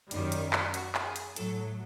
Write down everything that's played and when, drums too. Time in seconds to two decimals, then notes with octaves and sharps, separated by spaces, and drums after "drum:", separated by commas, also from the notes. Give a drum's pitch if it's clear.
0.11 F#2 D#3 G3, drum: hi-hat
0.32 drum: hi-hat
0.53 drum: clap
0.74 F#4, drum: hi-hat
0.95 drum: clap
1.05 G#4
1.16 drum: hi-hat
1.36 A2 F#3 A4, drum: hi-hat